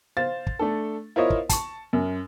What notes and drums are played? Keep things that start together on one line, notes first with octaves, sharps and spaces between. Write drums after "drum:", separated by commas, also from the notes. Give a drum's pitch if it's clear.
C5 F5 A6
drum: kick
A3 D4 A4
E4 F4 A#4 C5 C#5 D#5
drum: kick
A5 C#6, drum: kick, hi-hat
F#2